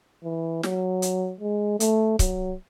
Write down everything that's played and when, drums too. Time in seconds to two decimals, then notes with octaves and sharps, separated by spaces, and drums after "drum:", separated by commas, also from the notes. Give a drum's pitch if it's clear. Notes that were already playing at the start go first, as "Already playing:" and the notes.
0.24 E3
0.63 F#3, drum: snare
1.02 drum: hi-hat
1.40 G#3
1.80 A3, drum: hi-hat
2.19 F#3, drum: kick C#1, hi-hat